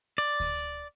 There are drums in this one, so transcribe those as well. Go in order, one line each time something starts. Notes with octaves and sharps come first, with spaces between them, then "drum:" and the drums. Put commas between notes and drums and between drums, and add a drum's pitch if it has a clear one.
D5
drum: kick D2, open hi-hat